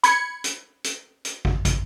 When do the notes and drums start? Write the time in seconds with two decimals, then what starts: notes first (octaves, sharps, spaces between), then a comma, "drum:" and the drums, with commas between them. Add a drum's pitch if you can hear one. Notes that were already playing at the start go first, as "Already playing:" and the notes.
0.04 B5 G#6 C#7, drum: hi-hat
0.44 drum: hi-hat
0.84 drum: hi-hat
1.25 drum: hi-hat
1.45 drum: kick
1.65 drum: kick, hi-hat